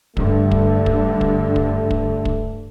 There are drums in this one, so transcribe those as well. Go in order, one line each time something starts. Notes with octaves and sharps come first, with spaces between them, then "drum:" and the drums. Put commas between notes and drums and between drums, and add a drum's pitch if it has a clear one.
G2 D3 A3, drum: kick
drum: kick
drum: kick
drum: kick
drum: kick
drum: kick
drum: kick